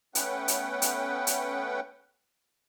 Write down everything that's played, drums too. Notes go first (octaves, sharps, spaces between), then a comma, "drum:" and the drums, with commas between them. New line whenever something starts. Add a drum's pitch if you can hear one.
A3 B3 C#4 B4 F#5 G5, drum: hi-hat
drum: hi-hat
drum: hi-hat
drum: hi-hat